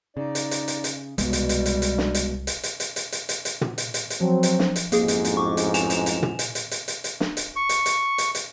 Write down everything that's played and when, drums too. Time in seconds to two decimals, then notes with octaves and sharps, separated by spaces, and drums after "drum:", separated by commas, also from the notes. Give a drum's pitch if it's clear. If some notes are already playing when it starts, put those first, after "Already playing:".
0.17 C#3 D#4 D5
0.35 drum: hi-hat
0.51 drum: hi-hat
0.68 drum: hi-hat
0.84 drum: hi-hat
1.18 C2 B2 G3 G#3 B3, drum: hi-hat
1.33 drum: hi-hat
1.49 drum: hi-hat
1.66 drum: hi-hat
1.82 drum: hi-hat
1.98 drum: snare
2.15 drum: hi-hat
2.47 drum: hi-hat
2.63 drum: hi-hat
2.80 drum: hi-hat
2.96 drum: hi-hat
3.12 drum: hi-hat
3.29 drum: hi-hat
3.45 drum: hi-hat
3.61 drum: tom
3.78 drum: hi-hat
3.94 drum: hi-hat
4.10 drum: hi-hat
4.21 F3 F#3 C4
4.43 drum: hi-hat
4.59 drum: snare
4.76 drum: hi-hat
4.92 A1 F2 G#2 A#3 G#4, drum: hi-hat
5.08 drum: hi-hat
5.25 drum: hi-hat
5.37 C#6 D6
5.57 drum: hi-hat
5.74 G#5 E7 F7, drum: hi-hat
5.90 drum: hi-hat
6.06 drum: hi-hat
6.22 drum: tom
6.39 drum: hi-hat
6.55 drum: hi-hat
6.71 drum: hi-hat
6.88 drum: hi-hat
7.04 drum: hi-hat
7.20 drum: snare
7.37 drum: hi-hat
7.56 C#6
7.69 drum: hi-hat
7.86 drum: hi-hat
8.18 drum: hi-hat
8.35 drum: hi-hat